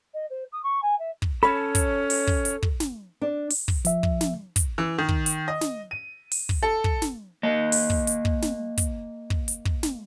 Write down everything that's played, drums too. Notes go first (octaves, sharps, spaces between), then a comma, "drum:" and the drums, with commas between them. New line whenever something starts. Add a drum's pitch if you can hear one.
D#5
C5
D#6
C#6
G#5
E5
drum: kick
C#4 A4 C#5 A5 B5
drum: kick, hi-hat
drum: open hi-hat
drum: kick
drum: hi-hat
drum: kick
drum: snare
D4
drum: open hi-hat
drum: kick
F3 E5, drum: hi-hat
drum: kick
drum: snare
drum: kick, hi-hat
E3
D#3
drum: kick
drum: hi-hat
D#5
drum: snare
D#7
drum: open hi-hat
drum: kick
A4
drum: kick
drum: snare
A#3 D#5
drum: open hi-hat
drum: kick
drum: hi-hat
drum: kick
drum: snare
drum: kick, hi-hat
drum: kick
drum: hi-hat
drum: kick
drum: snare